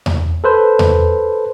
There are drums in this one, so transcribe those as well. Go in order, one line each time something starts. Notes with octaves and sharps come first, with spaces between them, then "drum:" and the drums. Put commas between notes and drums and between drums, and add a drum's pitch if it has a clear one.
drum: tom E2
A4 B4 C5
drum: tom E2